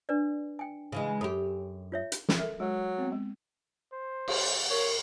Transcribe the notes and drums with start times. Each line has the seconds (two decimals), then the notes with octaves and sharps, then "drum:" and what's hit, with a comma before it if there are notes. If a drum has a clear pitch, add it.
0.09 D4 B4 D5
0.59 G5 G#5
0.92 C#3 E3 G#3
1.21 F#2 G4 A4 B5
1.92 F4 C#5 E5
2.12 drum: hi-hat
2.29 drum: snare
2.38 A4 A#4 E5
2.60 F#3 G#3
2.98 B3 C4
3.12 G#3
3.92 C5
4.28 drum: cymbal
4.70 A#4 C#5